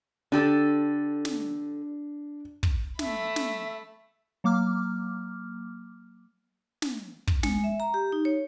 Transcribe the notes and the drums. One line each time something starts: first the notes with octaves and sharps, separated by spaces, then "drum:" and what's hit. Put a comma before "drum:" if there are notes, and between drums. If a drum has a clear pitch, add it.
D3 D4 G4 A4
drum: snare
drum: kick
A3 E5 B5, drum: snare
drum: snare
F#3 A#3 D6 F6
drum: snare
drum: kick
G#3, drum: snare
E5
A#5
G4
D#4
C#5